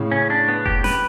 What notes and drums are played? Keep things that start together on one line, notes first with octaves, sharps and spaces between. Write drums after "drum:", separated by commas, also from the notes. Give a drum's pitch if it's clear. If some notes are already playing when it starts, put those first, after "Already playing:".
Already playing: A2 C#3
C#4
D4
B3
G4, drum: kick F1
B4, drum: snare